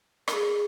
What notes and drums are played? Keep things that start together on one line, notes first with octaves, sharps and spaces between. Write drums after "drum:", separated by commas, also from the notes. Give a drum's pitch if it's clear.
A#4, drum: rim click
G#4